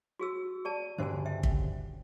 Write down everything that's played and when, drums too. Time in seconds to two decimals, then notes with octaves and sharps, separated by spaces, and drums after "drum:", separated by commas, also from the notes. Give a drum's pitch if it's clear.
0.19 F#4 G#4 E6
0.65 G#4 D5 A5
0.98 C#2 G2 D3 C5 G#5
1.26 E5 G5
1.43 drum: kick